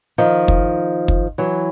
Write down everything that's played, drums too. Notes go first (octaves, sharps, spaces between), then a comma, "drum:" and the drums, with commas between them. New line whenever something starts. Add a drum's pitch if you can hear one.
D#3 F3
drum: kick
drum: kick
E3 F#3